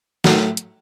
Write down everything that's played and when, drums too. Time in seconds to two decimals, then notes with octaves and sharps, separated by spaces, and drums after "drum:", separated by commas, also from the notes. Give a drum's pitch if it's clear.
0.24 A2 F#3 A3 F#4, drum: snare
0.57 drum: hi-hat